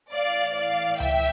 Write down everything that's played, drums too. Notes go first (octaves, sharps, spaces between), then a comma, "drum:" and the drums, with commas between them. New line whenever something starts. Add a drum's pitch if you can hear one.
A2 E3 D5 F5
D5 F5
E5 G5, drum: tom C#2